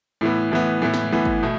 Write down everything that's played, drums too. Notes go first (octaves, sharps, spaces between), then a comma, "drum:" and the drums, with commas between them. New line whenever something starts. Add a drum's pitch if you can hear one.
A2 E3 B3
A2 E3 B3
A2 E3 B3
drum: snare
A2 E3 B3
drum: kick
B2 A3